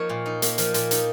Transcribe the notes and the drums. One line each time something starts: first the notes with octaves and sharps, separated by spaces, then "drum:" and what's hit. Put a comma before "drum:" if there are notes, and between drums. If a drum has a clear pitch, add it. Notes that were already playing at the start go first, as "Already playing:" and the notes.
Already playing: F3 A#3 D#4 C#5
A#2
D#4
A#3, drum: hi-hat
F3, drum: hi-hat
A#2, drum: hi-hat
D#4, drum: hi-hat